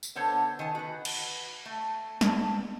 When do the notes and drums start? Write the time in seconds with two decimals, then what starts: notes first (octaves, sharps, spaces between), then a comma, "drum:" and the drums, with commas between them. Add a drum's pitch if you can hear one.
0.03 drum: tambourine
0.15 D3 B3 A4 C5 C#5 A5
0.59 D#3 G#5 A5
0.75 F#4 B4
1.05 drum: cymbal
1.66 A3
2.21 A5, drum: snare